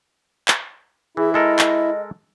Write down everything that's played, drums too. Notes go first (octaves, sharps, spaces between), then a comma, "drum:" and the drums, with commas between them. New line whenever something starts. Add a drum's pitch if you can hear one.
drum: clap
E3 E4 G#4
G#3 A4 A#4 D#5
drum: clap